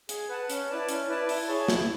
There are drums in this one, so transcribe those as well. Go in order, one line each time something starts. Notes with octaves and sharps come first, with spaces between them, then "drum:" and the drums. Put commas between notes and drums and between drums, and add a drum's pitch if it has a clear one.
G#4, drum: hi-hat
B4 F#5 A5
C#4, drum: hi-hat
E4 B4 D5 A5
C#4, drum: hi-hat
E4 B4 D5 A5
E4, drum: open hi-hat
G#4 C#5 E5 A5
E4, drum: snare